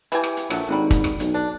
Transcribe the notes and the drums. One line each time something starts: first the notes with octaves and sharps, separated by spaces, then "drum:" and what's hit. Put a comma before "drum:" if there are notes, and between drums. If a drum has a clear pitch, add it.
E3 G4 G#5, drum: hi-hat
drum: rim click
drum: hi-hat
A#1 F#3 A3 F#5, drum: rim click
G#1 D3 F#3 G3
drum: kick, hi-hat
drum: rim click
B1, drum: hi-hat
D4